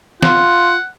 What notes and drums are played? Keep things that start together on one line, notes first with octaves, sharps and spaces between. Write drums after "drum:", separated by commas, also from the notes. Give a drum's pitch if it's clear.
F4 F#5, drum: snare